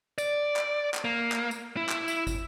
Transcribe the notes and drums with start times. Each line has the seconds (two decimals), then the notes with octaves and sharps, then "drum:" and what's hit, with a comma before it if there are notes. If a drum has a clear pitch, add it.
0.18 D5, drum: tambourine
0.56 drum: clap
0.94 drum: clap
1.05 A#3
1.32 drum: clap
1.51 drum: tambourine
1.77 E4
1.89 drum: clap
2.08 drum: tambourine
2.27 drum: kick, tambourine